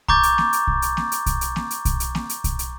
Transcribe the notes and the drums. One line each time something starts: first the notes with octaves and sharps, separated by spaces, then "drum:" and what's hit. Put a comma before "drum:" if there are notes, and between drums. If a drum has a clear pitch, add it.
A#5 C#6 D6 G6 A6, drum: kick B1
drum: hi-hat
drum: snare A#3
drum: hi-hat
drum: kick B1
drum: hi-hat
drum: snare A#3
drum: hi-hat
drum: kick B1, hi-hat
drum: hi-hat
drum: snare A#3
drum: hi-hat
drum: kick B1, hi-hat
drum: hi-hat
drum: snare A#3
drum: hi-hat
drum: kick B1, hi-hat
drum: hi-hat